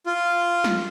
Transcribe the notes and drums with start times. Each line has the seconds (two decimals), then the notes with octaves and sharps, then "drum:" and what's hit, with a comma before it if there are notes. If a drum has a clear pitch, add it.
0.06 F4
0.64 drum: snare